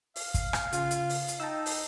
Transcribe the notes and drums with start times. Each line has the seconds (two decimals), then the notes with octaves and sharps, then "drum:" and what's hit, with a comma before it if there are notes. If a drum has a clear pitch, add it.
0.16 F5, drum: open hi-hat
0.34 drum: kick, hi-hat
0.53 drum: rim click
0.72 C#3 F4, drum: hi-hat
0.91 drum: hi-hat
1.09 drum: open hi-hat
1.28 drum: hi-hat
1.40 D#4 G5 A5 E6
1.66 drum: open hi-hat